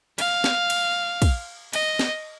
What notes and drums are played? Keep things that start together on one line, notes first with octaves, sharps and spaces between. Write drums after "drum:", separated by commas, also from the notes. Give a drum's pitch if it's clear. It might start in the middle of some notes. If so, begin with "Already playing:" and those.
F5, drum: cymbal
drum: snare
drum: cymbal
drum: kick, cymbal
D#5, drum: cymbal
drum: snare